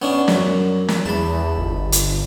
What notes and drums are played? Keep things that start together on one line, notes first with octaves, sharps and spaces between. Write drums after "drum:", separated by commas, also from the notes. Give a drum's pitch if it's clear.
B3 C#4 D4
F#2, drum: snare
drum: snare
E2 A5 B5
G1
drum: hi-hat